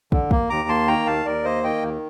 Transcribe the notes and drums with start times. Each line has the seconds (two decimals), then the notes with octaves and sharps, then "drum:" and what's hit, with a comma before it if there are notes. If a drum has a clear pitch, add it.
0.12 D3, drum: kick
0.31 A#3, drum: kick
0.49 D#2 A#5 D6
0.68 A#3 A5 C6
0.88 D#3 G5 A#5
1.06 D#2 F5 A5
1.25 D#2 A#4 D5
1.44 A#3 C5 D#5
1.63 D#3 D#5 G5
1.83 D#2